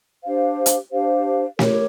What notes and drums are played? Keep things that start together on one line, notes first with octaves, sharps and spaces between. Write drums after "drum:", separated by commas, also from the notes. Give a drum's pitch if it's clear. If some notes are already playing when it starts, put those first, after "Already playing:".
D4 G4 C5 F5
drum: hi-hat
D4 G4 C5 F5
G4 A#4 C#5, drum: snare